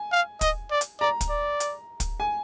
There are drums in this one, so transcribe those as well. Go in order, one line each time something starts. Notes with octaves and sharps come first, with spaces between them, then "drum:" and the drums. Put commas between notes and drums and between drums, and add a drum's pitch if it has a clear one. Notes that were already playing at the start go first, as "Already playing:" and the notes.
Already playing: G#5
F5
D#5, drum: kick, hi-hat
D5
drum: hi-hat
D5 A#5
drum: kick, hi-hat
D5
drum: hi-hat
drum: kick, hi-hat
G#5